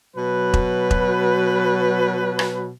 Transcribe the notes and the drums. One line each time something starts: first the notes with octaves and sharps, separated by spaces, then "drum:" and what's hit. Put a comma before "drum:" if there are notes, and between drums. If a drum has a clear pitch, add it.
B2 F#3 B4
drum: kick E1
drum: kick E1
drum: rim click